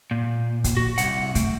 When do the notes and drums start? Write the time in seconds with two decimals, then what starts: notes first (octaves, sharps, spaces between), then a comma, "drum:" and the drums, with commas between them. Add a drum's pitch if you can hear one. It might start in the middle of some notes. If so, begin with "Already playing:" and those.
0.11 A#2
0.64 drum: kick, hi-hat
0.77 F#4
0.98 C2 F#5, drum: hi-hat
1.35 A3, drum: kick, hi-hat